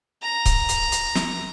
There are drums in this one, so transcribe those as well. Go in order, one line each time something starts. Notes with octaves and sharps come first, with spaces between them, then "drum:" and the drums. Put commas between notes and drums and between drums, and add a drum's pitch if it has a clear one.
A#5
drum: kick C#1, hi-hat
drum: hi-hat
drum: hi-hat
drum: snare